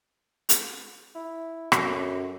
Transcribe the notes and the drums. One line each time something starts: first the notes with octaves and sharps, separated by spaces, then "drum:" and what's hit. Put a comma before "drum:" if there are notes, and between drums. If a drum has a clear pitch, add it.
drum: hi-hat
E4
F#2 D3, drum: rim click